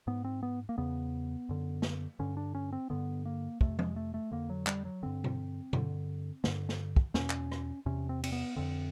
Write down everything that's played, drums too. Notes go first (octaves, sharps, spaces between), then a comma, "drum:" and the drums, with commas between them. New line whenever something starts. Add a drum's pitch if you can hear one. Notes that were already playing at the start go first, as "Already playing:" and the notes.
G#2 B3
C4
B3
A#3
E2 C#3 B3
F#2 D3
drum: snare
G2 D3 C#4
D4
C#4
C4
G2 D3 B3
A#3
F2 C3 A3, drum: kick
G#3, drum: tom F3
A3
A3
F2 D3 A#3
F#3
G3, drum: clap
F#3
G2 D3 C4
drum: tom B2
G2 D3, drum: tom B2
G2 D3, drum: snare
drum: snare
drum: kick
E2 B2 C#4, drum: snare
drum: clap
drum: rim click
E2 C3 C#4
C4
C4, drum: cymbal
B3
F2 D3 C4